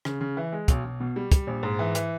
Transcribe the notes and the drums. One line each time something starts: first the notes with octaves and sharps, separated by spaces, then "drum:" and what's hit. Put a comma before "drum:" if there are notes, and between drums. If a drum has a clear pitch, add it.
C#3, drum: rim click
C#3
E3
G#3
B1, drum: kick, hi-hat
B1
B2
G3
G3, drum: kick, hi-hat
A#1
G#2
E3
E3, drum: hi-hat